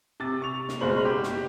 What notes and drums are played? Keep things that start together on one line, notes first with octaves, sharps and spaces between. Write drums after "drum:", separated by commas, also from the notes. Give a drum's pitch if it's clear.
C3 A6
C#6 F7
drum: snare
F#1 B2 G#3 C5 F#7
G4
drum: snare